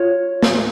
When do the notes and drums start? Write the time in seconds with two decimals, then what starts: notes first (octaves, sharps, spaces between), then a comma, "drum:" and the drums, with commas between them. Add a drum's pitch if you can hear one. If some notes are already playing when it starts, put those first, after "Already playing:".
Already playing: F4 C#5
0.42 drum: snare